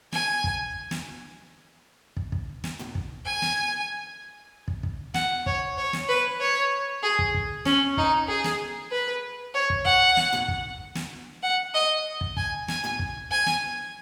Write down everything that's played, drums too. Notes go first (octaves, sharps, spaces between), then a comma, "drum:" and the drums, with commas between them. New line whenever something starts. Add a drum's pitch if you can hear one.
G#5, drum: snare
drum: kick
drum: snare
drum: kick
drum: kick
drum: snare
drum: tom
drum: kick
G#5
drum: snare
drum: kick
drum: kick
F#5, drum: snare
C#5, drum: kick
C#5
drum: snare
B4
C#5
G#4
drum: kick
drum: kick
C#4, drum: snare
D#4, drum: kick
G#4
drum: snare
B4
C#5
drum: kick
F#5, drum: kick
drum: snare
drum: tom
drum: kick
drum: snare
F#5
D#5
drum: kick
G#5, drum: kick
G#5, drum: snare
drum: tom
drum: kick
G#5
drum: snare